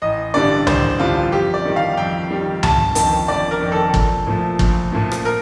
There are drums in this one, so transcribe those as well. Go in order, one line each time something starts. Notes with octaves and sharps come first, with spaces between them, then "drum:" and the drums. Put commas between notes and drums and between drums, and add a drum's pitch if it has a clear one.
A1 D#5
G2 D3 G3 D5
A1 C5, drum: tom C#2
G2 D3 G3 F4
F2 G4
D5
D#3 G3
F5
F2 G5
D#3 G3
G1 A5, drum: tom C#2
F2 D#3 A5, drum: hi-hat
G1 D5
A#4
F2 D#3
A4
A#1, drum: kick
A#2 F3 A3
A#1, drum: kick
A#2 F3 A3
drum: rim click
A#4